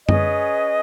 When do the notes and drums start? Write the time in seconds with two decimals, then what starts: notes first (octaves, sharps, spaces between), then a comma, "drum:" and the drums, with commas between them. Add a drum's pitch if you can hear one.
0.09 C#4 G#4 B4 D#5, drum: tom F#2